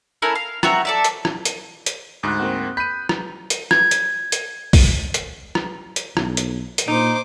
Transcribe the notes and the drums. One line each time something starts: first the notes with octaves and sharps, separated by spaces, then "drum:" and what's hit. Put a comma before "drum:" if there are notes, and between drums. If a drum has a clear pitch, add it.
A3 C#4 E4 A#4
F5
C4 F#4 E5 A#5, drum: rim click
A4 D5 E5
drum: hi-hat
drum: rim click
drum: hi-hat
drum: hi-hat
D2 G#2 D#6 F#6
A#3 C4 F#4
B5 G6 B6 D#7
drum: rim click
drum: hi-hat
G#6, drum: rim click
drum: hi-hat
drum: hi-hat
drum: kick, open hi-hat
drum: hi-hat
drum: rim click
drum: hi-hat
B1, drum: rim click
drum: hi-hat
drum: hi-hat
A#2 D#4 C5 D6